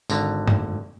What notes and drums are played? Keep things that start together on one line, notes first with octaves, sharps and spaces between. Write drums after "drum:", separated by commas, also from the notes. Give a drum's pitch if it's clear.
G#1 D3 A#5, drum: tambourine
drum: tom F#2